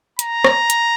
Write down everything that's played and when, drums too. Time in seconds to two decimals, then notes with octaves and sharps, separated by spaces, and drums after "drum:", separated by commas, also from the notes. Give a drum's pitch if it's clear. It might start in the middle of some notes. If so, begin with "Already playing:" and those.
0.19 A#5, drum: hi-hat
0.44 drum: rim click
0.70 drum: hi-hat